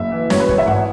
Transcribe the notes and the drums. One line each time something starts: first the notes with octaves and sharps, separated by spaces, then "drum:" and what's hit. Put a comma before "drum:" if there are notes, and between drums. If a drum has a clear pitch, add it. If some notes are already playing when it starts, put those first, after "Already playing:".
Already playing: F#1 E5
E3
F#2 C#5, drum: snare
B4
E3 C#5, drum: kick
E5
G#1 F#5